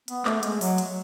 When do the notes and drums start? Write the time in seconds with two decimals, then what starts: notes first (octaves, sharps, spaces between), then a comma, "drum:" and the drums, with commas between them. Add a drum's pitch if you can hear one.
0.08 B3, drum: hi-hat
0.25 A3, drum: clap
0.43 G#3, drum: hi-hat
0.61 F#3, drum: open hi-hat
0.78 drum: hi-hat